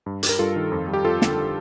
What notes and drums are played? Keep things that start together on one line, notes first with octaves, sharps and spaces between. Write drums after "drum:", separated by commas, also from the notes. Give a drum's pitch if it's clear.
G2
G3, drum: hi-hat
A#4
G2 F4 A4
D#3
F2
G3
G4
F2 F4 A4
D3, drum: snare